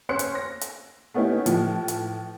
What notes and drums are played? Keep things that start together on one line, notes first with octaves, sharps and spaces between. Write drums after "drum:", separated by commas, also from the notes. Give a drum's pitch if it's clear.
C#4 C5 C6 F#6 C#7
drum: hi-hat
A#6
drum: hi-hat
A3 B3 C#4 D#4 E4 G4
A2 E3 F3, drum: hi-hat
drum: hi-hat